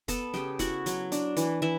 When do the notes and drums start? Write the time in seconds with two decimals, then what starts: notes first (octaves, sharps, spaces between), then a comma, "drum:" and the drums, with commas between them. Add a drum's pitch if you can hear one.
0.08 B3 A4 A5, drum: kick, hi-hat
0.34 C#3 G4 G5, drum: snare
0.59 E4 F#4 F#5, drum: kick, hi-hat
0.86 F#3, drum: hi-hat
1.12 D4, drum: hi-hat
1.37 E3, drum: hi-hat
1.62 E3 E4 E5